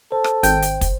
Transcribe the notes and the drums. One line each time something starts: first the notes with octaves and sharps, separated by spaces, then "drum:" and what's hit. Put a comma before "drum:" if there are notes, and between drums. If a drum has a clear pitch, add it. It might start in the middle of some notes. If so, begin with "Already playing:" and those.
A4 C5
drum: rim click
G#1 G5, drum: hi-hat
drum: hi-hat
drum: kick, hi-hat